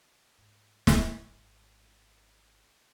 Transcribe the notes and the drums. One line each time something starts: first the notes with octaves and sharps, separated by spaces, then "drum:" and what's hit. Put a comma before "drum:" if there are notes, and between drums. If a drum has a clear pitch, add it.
G#2
G#1, drum: snare